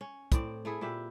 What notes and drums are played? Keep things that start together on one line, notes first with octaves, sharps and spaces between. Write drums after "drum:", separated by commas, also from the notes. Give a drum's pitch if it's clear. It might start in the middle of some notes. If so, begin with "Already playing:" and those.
C#4
A2 C4 D5, drum: kick, hi-hat
A3 E4 G#4
A#2 E4 G4 E5